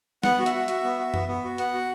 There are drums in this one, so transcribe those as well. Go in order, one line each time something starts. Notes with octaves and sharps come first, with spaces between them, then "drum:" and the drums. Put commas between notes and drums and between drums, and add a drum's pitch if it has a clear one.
B3 F#5, drum: snare
F#4
E5, drum: hi-hat
F#4
F#4, drum: hi-hat
B3
F#4
B3, drum: tom F#2
B3
F#4
B3 F#5, drum: hi-hat
F#4